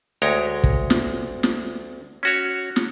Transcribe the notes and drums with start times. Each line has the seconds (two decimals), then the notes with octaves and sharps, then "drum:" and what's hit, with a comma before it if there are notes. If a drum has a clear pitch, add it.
0.22 D2 G#3 C#5 G5 A#5
0.64 drum: kick
0.90 drum: snare
1.43 drum: snare
2.23 C#4 F#4 C#5
2.76 drum: snare